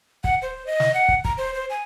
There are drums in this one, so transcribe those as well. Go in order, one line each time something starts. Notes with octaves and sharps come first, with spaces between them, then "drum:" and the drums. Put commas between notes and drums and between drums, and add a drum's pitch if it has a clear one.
F#5, drum: kick
C5
D#5
drum: snare
F#5
drum: kick
A#5, drum: kick
C5
C5
G#5